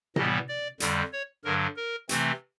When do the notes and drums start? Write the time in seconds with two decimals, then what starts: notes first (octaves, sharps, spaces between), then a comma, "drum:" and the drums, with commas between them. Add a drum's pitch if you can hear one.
0.16 A2 E3 G3 B3 D#5, drum: tom C3
0.48 D5
0.80 F2 D3 G3, drum: hi-hat
1.13 C#5
1.44 G2 D3 F#3 A#4
1.76 A#4
2.09 C3 E3 A3 C4, drum: hi-hat